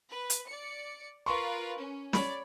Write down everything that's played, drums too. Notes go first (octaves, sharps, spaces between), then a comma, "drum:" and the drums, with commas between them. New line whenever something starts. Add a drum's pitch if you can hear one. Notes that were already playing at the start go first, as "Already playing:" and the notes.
B4
drum: hi-hat
D5 C#7
F4 A#4 B4 C6 C#6
C#4
C#5 D5 B5, drum: snare